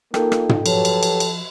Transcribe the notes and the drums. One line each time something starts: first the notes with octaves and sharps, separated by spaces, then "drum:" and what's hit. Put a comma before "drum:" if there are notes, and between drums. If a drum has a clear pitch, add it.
A#3 D#4 F4 A4 G5, drum: rim click
drum: rim click
drum: tom
F3 F#3 G4 A4 B4 C#5, drum: cymbal
drum: cymbal
drum: cymbal
drum: cymbal